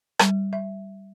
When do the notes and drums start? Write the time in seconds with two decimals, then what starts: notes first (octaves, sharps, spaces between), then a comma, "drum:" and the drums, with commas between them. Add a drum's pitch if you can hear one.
0.19 G3, drum: rim click
0.53 E5